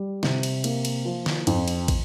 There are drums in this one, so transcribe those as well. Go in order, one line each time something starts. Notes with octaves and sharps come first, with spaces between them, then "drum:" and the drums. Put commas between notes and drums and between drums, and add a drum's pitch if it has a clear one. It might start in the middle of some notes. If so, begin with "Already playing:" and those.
Already playing: G3
C3, drum: snare
drum: cymbal
A#3, drum: cymbal
drum: cymbal
F3
drum: snare
F2, drum: cymbal
drum: cymbal
drum: kick, cymbal